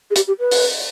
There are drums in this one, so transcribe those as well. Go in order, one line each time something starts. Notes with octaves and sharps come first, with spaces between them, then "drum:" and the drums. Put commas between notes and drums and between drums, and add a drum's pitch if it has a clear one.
G#4
G4, drum: hi-hat
G4
B4
drum: open hi-hat